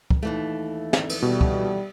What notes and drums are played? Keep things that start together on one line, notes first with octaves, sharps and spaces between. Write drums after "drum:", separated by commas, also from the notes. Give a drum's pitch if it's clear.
drum: kick
D#2 E3 A3
drum: snare
drum: cymbal
B2 G3
drum: kick